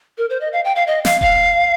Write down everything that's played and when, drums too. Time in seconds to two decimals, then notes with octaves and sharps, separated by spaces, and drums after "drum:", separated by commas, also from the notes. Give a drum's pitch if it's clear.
0.18 A#4
0.30 C5
0.41 D#5
0.53 F5
0.65 G5
0.76 F5
0.87 D#5
1.05 F5, drum: snare
1.21 F5, drum: kick D#1